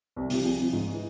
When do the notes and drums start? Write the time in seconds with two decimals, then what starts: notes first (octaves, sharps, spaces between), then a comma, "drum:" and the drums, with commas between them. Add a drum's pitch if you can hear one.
0.16 C2
0.30 C3 F3 G4, drum: open hi-hat
0.45 C2 G#4
0.59 C3 F3
0.73 G#2
0.88 E3 G#3